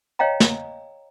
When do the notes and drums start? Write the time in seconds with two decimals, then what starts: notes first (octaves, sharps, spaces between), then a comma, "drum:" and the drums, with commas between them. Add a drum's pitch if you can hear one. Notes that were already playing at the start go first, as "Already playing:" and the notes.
0.19 C#5 D#5 F5 G5 A#5
0.40 drum: snare